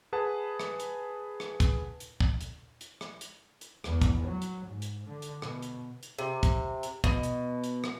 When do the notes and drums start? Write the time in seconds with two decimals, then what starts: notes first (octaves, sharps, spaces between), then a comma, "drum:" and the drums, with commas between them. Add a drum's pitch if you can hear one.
0.13 G#4 B4 F#5 A5
0.60 drum: rim click
0.80 drum: hi-hat
1.40 drum: rim click
1.60 drum: kick, hi-hat
2.00 drum: hi-hat
2.20 drum: kick
2.41 drum: hi-hat
2.81 drum: hi-hat
3.01 drum: rim click
3.21 drum: hi-hat
3.61 drum: hi-hat
3.84 E2, drum: rim click
4.02 drum: kick, hi-hat
4.23 F#3
4.42 drum: hi-hat
4.65 G#2
4.82 drum: hi-hat
5.05 D3
5.22 drum: hi-hat
5.42 B2, drum: rim click
5.62 drum: hi-hat
6.03 drum: hi-hat
6.19 C3
6.43 drum: kick, hi-hat
6.83 drum: hi-hat
7.04 B2, drum: kick
7.23 drum: hi-hat
7.64 drum: hi-hat
7.84 drum: rim click